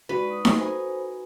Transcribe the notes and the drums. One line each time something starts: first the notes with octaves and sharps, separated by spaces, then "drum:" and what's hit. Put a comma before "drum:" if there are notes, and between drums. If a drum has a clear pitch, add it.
G#3 D#4 F#4 B4 D5
D#4 D#6
drum: snare D#4
D#4 A4 C5 G#5 B5